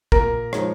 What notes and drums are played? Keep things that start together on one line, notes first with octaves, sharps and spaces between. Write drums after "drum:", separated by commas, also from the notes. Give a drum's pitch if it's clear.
A#2 A#4, drum: kick
F3 G#3 D#4 C#5, drum: rim click